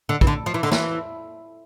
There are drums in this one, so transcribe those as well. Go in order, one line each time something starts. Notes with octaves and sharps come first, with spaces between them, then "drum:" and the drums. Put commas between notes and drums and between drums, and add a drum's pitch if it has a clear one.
D3
E3, drum: kick
D3
F3
E3
D3
E3, drum: snare